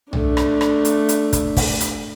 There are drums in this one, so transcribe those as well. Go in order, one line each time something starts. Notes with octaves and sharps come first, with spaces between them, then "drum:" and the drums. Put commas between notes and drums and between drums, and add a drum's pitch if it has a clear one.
A3 D4, drum: tom
drum: rim click
drum: rim click
drum: hi-hat
drum: hi-hat
drum: kick, hi-hat
drum: kick, open hi-hat
drum: hi-hat